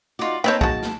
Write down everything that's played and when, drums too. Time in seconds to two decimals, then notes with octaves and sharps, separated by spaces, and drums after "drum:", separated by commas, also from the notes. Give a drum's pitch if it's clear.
0.19 D#4 F4 F#4 D5
0.44 A#3 C4 D#4 A4 B4 C#5 D5 G5
0.61 F#4 G#4 A5, drum: kick
0.82 drum: snare